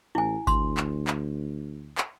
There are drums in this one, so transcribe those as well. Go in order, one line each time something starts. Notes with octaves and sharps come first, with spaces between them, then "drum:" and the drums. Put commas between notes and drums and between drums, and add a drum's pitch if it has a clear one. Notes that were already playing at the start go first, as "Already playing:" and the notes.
A1 E4 G#5
D2 C6, drum: kick G#1, tambourine
drum: clap
drum: clap
drum: clap